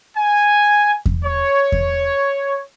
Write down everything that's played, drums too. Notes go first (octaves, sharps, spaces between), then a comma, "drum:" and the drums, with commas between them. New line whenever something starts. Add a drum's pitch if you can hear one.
G#5
drum: kick E2
C#5
drum: kick E2